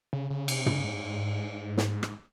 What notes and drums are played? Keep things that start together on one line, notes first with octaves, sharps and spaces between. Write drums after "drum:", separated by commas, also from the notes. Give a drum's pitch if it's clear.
C#3
C#3
C3, drum: cymbal
C#3, drum: tom
G#2
drum: snare
drum: rim click